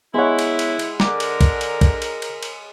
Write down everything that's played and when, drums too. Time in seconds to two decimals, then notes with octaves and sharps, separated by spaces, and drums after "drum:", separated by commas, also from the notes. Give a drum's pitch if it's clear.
0.14 G#3 B3 E4 C#5 F#5
0.39 drum: cymbal
0.59 drum: cymbal
0.79 drum: cymbal
1.00 D3 A#4 A#5 D6, drum: snare
1.20 drum: cymbal
1.41 drum: kick, cymbal
1.61 drum: cymbal
1.81 drum: kick, cymbal
2.02 drum: cymbal
2.22 drum: cymbal
2.43 drum: cymbal